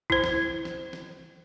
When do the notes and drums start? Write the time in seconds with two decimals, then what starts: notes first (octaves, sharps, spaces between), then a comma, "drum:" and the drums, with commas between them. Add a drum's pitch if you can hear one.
0.10 E4 C5, drum: kick B1
0.24 drum: snare
0.65 drum: snare
0.93 drum: snare